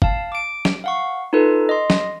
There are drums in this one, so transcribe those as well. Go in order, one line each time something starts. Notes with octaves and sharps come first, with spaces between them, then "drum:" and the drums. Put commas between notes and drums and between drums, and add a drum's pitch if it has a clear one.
F5 A5, drum: kick
D6 D7
drum: snare
F5 F#5 C#6
D#4 F4 A4 B4
D#5 C6
drum: snare